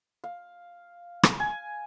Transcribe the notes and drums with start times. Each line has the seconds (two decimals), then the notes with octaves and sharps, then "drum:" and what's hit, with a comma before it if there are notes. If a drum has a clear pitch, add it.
0.24 F5
1.23 drum: rim click
1.40 G#5